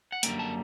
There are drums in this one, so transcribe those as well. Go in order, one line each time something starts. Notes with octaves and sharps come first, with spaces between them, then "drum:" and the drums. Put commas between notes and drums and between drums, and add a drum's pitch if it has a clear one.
F#5
F#2 D3 G3 A#3 G5, drum: hi-hat
A5